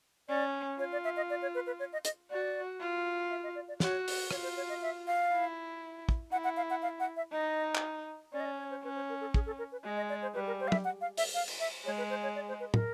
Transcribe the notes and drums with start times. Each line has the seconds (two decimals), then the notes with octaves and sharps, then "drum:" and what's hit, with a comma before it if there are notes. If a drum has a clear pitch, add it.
0.28 C#4 D5
0.79 F4 C#5
0.92 D5
1.04 E5
1.16 D#5
1.30 D5
1.42 C#5
1.55 B4
1.67 B4
1.80 C#5
1.93 D#5
2.05 D#5, drum: hi-hat
2.30 F#4 D5
2.81 F4
3.30 E5
3.43 D#5
3.55 D5
3.68 D5
3.80 F#4 C#5, drum: snare
4.08 drum: open hi-hat
4.31 F4 C#5, drum: rim click
4.43 C5
4.57 C#5
4.69 D#5
4.82 E5
5.07 F5
5.32 E4
6.09 drum: kick
6.32 E4 F#5
6.44 F#5
6.57 F5
6.70 F#5
6.82 F5
7.00 F#5
7.17 E5
7.32 D#4 D#5
7.75 drum: clap
8.33 C#4 D5
8.40 D#5
8.45 D5
8.59 C#5
8.70 C5
8.84 C#4 B4
8.96 C5
9.09 A#4
9.21 A4
9.34 G#4, drum: kick
9.46 A4
9.59 A#4
9.72 B4
9.84 G#3 D#5
9.97 D#5
10.09 D5
10.22 C5
10.34 G3 B4
10.47 A#4
10.60 C5
10.68 F5
10.72 E5, drum: tom
10.84 F#5
11.01 F5
11.18 E5, drum: open hi-hat
11.34 F5
11.48 drum: cymbal
11.60 E5
11.85 G#3 C#5
11.98 B4
12.10 C5
12.23 C#5
12.35 D5
12.49 C5
12.60 B4
12.74 A#4, drum: tom